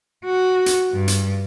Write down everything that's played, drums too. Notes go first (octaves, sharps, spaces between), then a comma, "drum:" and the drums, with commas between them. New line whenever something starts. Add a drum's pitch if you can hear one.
F#4
drum: hi-hat
G2
drum: hi-hat